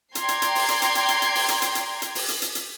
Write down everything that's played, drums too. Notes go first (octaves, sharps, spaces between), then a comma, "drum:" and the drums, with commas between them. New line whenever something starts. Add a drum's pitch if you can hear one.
D5 G5 A#5 C6 G#6 C7, drum: hi-hat
drum: hi-hat
drum: hi-hat
drum: open hi-hat
drum: hi-hat
drum: hi-hat
drum: hi-hat
drum: hi-hat
drum: hi-hat
drum: open hi-hat
drum: hi-hat
drum: hi-hat
drum: hi-hat
drum: hi-hat
drum: open hi-hat
drum: hi-hat
drum: hi-hat
drum: hi-hat